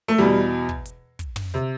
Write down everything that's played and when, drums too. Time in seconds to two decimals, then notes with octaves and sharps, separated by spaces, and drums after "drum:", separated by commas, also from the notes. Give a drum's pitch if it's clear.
0.08 A3
0.18 E2 B2 G3
0.69 drum: kick
0.86 drum: hi-hat
1.19 drum: kick, hi-hat
1.36 drum: tom
1.54 C3